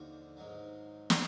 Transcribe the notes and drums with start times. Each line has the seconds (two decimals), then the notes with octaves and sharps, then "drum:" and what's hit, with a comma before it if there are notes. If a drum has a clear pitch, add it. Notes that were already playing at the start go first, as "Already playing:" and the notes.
Already playing: D#2 D3 F3 F#4
0.37 G#2 D#3 F#3
1.10 drum: snare